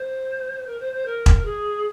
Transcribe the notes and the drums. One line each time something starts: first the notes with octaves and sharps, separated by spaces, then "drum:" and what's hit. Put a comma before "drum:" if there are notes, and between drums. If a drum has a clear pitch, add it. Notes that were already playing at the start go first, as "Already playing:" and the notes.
Already playing: C5
A#4
C5
C5
A#4
drum: kick E1
G#4